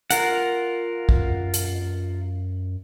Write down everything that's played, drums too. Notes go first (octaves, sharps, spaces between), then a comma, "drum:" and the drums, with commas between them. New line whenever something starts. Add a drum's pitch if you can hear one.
F4 A#4 F#5, drum: hi-hat
F#2, drum: kick
drum: hi-hat